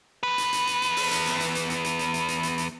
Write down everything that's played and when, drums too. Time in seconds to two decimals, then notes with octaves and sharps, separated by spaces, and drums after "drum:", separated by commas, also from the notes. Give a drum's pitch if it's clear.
0.23 E2 B4
0.38 drum: hi-hat
0.53 drum: hi-hat
0.67 drum: hi-hat
0.82 drum: hi-hat
0.97 drum: open hi-hat
1.11 drum: hi-hat
1.26 drum: hi-hat
1.40 drum: hi-hat
1.55 drum: hi-hat
1.70 drum: hi-hat
1.84 drum: hi-hat
1.99 drum: hi-hat
2.14 drum: hi-hat
2.28 drum: hi-hat
2.43 drum: hi-hat
2.58 drum: hi-hat